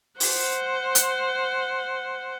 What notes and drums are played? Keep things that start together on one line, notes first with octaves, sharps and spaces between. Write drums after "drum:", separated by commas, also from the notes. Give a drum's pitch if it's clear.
C5 F#5, drum: open hi-hat
drum: hi-hat